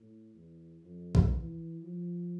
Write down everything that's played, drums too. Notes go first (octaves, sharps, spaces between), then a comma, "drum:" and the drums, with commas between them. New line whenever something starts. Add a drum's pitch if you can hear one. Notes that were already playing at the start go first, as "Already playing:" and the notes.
Already playing: A2
E2
F2
drum: kick A#1
E3
F3